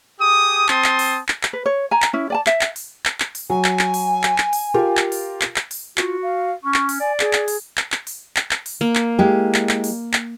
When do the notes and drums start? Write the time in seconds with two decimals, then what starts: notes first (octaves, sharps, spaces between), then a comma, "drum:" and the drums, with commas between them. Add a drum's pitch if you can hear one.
0.20 G4 G#4 D#6
0.68 C4 A5 C6 D#6, drum: clap
0.84 drum: clap
0.99 drum: open hi-hat
1.28 drum: clap
1.43 drum: clap
1.53 B4
1.66 C#5
1.91 G#5 A#5
2.02 drum: clap
2.13 C#4 E4
2.30 D5 G#5 A5
2.46 E5, drum: clap
2.61 drum: clap
2.76 drum: open hi-hat
3.05 drum: clap
3.20 drum: clap
3.35 drum: open hi-hat
3.50 F#3 G#5
3.64 drum: clap
3.79 drum: clap
3.94 drum: open hi-hat
4.23 drum: clap
4.38 drum: clap
4.53 drum: open hi-hat
4.74 F4 G4 A#4
4.97 drum: clap
5.12 drum: open hi-hat
5.41 drum: clap
5.56 drum: clap
5.71 drum: open hi-hat
5.97 F4 F#4, drum: clap
6.22 F5
6.64 C#4 C#6
6.74 drum: clap
6.89 drum: open hi-hat
7.00 D5 G#5
7.20 G#4, drum: clap
7.33 drum: clap
7.48 drum: open hi-hat
7.77 drum: clap
7.92 drum: clap
8.07 drum: open hi-hat
8.36 drum: clap
8.51 drum: clap
8.66 drum: open hi-hat
8.81 A#3
8.95 drum: clap
9.19 G#3 E4 G4
9.54 drum: clap
9.69 drum: clap
9.84 drum: open hi-hat
10.13 drum: clap